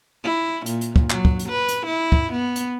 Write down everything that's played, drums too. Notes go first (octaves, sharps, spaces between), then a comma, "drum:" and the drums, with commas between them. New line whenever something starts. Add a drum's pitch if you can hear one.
E4
A#2, drum: hi-hat
drum: hi-hat
drum: kick
F#3, drum: clap
drum: kick
drum: hi-hat
B4
drum: hi-hat
E4
drum: kick
B3
drum: hi-hat